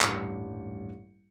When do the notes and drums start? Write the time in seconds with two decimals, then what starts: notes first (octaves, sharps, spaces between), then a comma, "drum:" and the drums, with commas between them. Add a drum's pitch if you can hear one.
0.01 D#1 A1 G2 G4 C#7, drum: clap